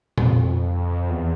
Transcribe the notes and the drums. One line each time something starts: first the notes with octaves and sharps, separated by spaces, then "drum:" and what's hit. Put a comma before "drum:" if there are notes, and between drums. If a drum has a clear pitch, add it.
F2, drum: tom A#2
E2